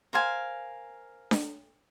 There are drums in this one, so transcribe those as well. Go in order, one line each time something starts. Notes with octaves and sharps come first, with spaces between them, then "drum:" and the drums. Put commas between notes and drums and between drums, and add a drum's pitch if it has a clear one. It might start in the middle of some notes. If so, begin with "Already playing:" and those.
A#4 C5 F5 G#5
drum: snare D4